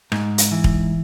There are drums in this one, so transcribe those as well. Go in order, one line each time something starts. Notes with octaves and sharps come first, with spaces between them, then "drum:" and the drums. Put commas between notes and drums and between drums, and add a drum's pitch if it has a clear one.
G#2, drum: rim click
drum: hi-hat
E3
drum: kick